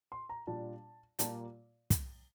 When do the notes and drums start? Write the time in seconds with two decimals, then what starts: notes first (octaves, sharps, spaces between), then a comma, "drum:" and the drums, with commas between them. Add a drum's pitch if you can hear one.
0.12 C6
0.29 A#5
0.47 A#2 G3 D4 F4 A5
1.19 A#2 G3 A#3 F4 A5, drum: hi-hat
1.90 drum: kick, hi-hat